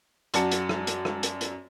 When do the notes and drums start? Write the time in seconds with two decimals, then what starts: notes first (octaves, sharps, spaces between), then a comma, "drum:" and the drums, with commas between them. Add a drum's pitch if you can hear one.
0.34 F#2 F#3 F#4 D5 A5 C#7, drum: hi-hat
0.51 drum: hi-hat
0.69 drum: rim click
0.87 drum: hi-hat
1.05 drum: rim click
1.23 drum: hi-hat
1.41 drum: hi-hat